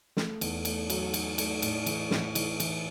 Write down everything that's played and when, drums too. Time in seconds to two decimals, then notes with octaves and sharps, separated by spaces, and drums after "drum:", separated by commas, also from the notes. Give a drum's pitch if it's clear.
0.17 A3, drum: snare
0.41 E2, drum: cymbal
0.65 A3, drum: cymbal
0.90 F#3, drum: cymbal
1.14 F#3, drum: cymbal
1.38 A3, drum: cymbal
1.62 A2, drum: cymbal
1.86 E3, drum: cymbal
2.11 A2, drum: snare
2.35 E3, drum: cymbal
2.60 E3, drum: cymbal